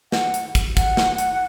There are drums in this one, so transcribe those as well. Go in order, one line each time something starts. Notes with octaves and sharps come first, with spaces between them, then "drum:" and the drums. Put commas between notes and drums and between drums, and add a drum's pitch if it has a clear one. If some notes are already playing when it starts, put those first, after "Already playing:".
F#5, drum: snare
drum: hi-hat
drum: kick, hi-hat
F#5, drum: kick, hi-hat
drum: snare
drum: hi-hat